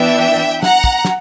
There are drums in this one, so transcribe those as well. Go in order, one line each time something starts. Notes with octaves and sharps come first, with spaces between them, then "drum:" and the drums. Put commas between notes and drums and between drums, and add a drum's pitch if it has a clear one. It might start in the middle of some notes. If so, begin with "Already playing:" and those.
Already playing: E3 B3 D4 E5 G5
F#5 A#5, drum: snare
drum: kick
drum: snare